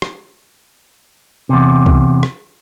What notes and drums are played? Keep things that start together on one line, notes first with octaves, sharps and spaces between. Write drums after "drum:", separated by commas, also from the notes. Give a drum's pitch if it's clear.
drum: rim click
E2 C3
drum: kick C2
drum: rim click